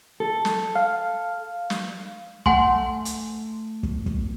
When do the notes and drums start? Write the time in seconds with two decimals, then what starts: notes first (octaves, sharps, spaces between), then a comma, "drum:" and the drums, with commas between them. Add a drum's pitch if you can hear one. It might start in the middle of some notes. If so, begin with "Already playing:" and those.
0.20 A4
0.45 drum: snare
0.75 F5
1.70 drum: snare
2.46 A3 F#5 G#5 C6, drum: kick
3.05 drum: hi-hat
3.83 drum: kick
4.06 drum: kick